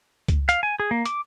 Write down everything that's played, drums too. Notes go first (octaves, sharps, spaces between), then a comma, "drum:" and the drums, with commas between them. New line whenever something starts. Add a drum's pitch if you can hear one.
drum: kick C#2, hi-hat
F5, drum: hi-hat
G#5
G#4
A#3
D6, drum: hi-hat